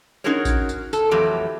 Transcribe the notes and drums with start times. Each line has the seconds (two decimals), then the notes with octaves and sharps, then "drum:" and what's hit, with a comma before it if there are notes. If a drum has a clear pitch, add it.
0.24 C#4 D#4 F#4 G#4 A#4 C#5
0.45 drum: kick A1, tambourine
0.69 drum: tambourine
0.93 A4, drum: tambourine
1.11 F2 E3 F#3 A3 G4